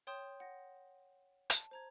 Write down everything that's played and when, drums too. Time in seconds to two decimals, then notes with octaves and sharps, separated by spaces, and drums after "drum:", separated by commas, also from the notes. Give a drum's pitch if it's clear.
0.07 C#5 G5 C6 D#6 G6 E7
0.40 F#5 A#6
1.50 A5, drum: hi-hat
1.71 C5 A#5 G#6